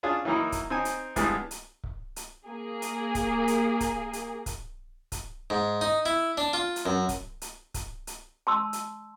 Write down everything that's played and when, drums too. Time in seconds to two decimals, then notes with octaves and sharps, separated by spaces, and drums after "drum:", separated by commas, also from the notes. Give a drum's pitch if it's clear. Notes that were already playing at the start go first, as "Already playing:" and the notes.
0.03 C#4 D4 F4 G#4
0.25 E3 F#3 A#3 D#4 E4
0.52 drum: kick C#1, hi-hat
0.70 C4 D#4 G#5
0.85 drum: hi-hat
1.16 F2 E3 G3 G#3 B3 D4, drum: kick C#1, hi-hat
1.51 drum: hi-hat
1.84 drum: kick C#1
2.16 drum: hi-hat
2.46 A#3 G#4
2.82 drum: hi-hat
3.15 drum: kick C#1, hi-hat
3.48 drum: hi-hat
3.80 drum: kick C#1, hi-hat
4.13 drum: hi-hat
4.46 drum: kick C#1, hi-hat
5.12 drum: kick C#1, hi-hat
5.50 G#2
5.81 D#4
6.06 E4
6.37 D4
6.53 F4
6.76 drum: hi-hat
6.86 F#2
7.09 drum: kick C#1, hi-hat
7.42 drum: hi-hat
7.74 drum: kick C#1, hi-hat
8.07 drum: hi-hat
8.47 A5 C6 E6
8.73 drum: hi-hat